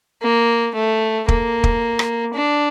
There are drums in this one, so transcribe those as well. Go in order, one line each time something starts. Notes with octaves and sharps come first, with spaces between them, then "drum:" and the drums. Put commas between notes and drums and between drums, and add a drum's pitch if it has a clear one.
A#3
A3
A#3, drum: kick
drum: kick
drum: rim click
D4